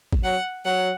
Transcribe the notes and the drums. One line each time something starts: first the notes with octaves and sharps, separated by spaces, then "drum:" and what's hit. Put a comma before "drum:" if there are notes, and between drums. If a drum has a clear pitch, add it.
drum: kick G#1
F#3 F#5
F#3 F#5